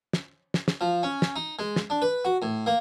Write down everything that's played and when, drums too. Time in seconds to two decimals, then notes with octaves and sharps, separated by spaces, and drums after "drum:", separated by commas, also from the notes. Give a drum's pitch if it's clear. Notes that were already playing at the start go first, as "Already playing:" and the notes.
0.13 drum: snare
0.54 drum: snare
0.68 drum: snare
0.81 F3
1.03 C#4
1.22 drum: snare
1.36 D#4
1.59 G#3
1.76 drum: snare
1.90 D4
2.02 B4
2.25 F#4
2.42 A2
2.66 A#3